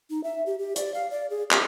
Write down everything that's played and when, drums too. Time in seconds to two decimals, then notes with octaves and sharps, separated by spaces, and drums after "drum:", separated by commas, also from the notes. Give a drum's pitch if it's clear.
0.10 D#4
0.24 E5
0.46 G4
0.59 G4
0.76 D5, drum: hi-hat
0.94 F5
1.11 D5
1.30 G#4
1.51 G4, drum: clap